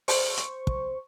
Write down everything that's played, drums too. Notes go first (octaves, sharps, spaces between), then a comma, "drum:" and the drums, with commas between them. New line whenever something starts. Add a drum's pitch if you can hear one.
C5 C#6, drum: open hi-hat
drum: hi-hat
drum: kick